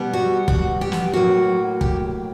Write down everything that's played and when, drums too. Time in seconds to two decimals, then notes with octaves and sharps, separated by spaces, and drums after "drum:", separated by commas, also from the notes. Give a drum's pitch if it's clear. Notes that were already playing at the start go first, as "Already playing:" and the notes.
Already playing: B2 G3 B3
0.13 F#4
0.48 F#4, drum: kick
0.81 G4
0.92 drum: snare
1.13 A2 F#3 A#3 F#4
1.81 G4, drum: kick